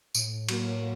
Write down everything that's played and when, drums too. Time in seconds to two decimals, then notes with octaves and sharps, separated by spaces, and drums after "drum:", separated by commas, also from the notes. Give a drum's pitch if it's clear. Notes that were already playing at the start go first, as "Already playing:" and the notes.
0.15 A2, drum: tambourine
0.49 F#3 A#3, drum: cymbal